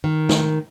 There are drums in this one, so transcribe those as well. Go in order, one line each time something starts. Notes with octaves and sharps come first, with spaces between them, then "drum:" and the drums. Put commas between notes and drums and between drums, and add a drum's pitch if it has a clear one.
D#3
drum: snare